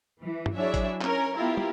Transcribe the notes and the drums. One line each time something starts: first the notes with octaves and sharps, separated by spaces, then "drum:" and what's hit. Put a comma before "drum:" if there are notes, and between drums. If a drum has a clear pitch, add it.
E3
drum: tom
F#3 D4 E4 G#4 C#5 E5
drum: kick G#1, hi-hat
C#4 A#4, drum: clap
B3 E4 F4 G4 A#4
drum: tom